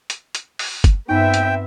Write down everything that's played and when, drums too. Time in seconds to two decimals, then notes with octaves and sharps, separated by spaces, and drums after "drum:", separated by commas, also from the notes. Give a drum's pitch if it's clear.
0.10 drum: hi-hat
0.35 drum: hi-hat
0.59 drum: open hi-hat
0.84 drum: kick G1, hi-hat
1.09 G2 B3 C4 D#4 E5 G5
1.34 drum: hi-hat